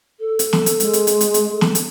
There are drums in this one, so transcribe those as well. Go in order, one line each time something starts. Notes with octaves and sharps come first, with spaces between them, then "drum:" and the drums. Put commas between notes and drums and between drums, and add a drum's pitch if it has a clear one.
A4
drum: hi-hat
drum: snare
drum: hi-hat
G#3, drum: hi-hat
drum: hi-hat
drum: hi-hat
drum: hi-hat
drum: hi-hat
A4
drum: snare
drum: hi-hat